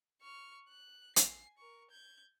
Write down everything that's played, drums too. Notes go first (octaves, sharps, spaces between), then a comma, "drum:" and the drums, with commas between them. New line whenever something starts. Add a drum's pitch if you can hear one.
C#6 F6
F#6
G#5 C7, drum: hi-hat
A#4 C#6
G6 G#6